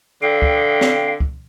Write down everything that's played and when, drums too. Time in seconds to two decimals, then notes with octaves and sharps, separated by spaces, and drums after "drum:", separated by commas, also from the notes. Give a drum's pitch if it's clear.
0.22 D3 F5 G5
0.42 drum: kick
0.81 drum: snare
1.20 drum: kick